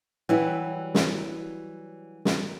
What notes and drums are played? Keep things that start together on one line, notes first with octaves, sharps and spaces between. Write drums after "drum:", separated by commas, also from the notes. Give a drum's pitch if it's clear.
E3 F#3 G3 E4
drum: snare
drum: snare